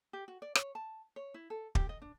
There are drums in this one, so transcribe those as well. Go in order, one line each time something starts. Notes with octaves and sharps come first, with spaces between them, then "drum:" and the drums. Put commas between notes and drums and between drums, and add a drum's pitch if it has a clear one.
G4
F#4
D5
C#5, drum: rim click
A5
C#5
E4
A4
G4, drum: kick
D#5
D4